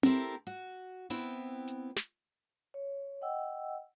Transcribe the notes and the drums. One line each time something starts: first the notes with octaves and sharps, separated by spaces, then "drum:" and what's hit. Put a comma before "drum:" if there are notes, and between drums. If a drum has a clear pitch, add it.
C4 E4 G4 A4 A#4, drum: tom C4
F#4
B3 C4 E4 C5 G5
drum: hi-hat
drum: snare
C#5
D#5 F#5 G5 E6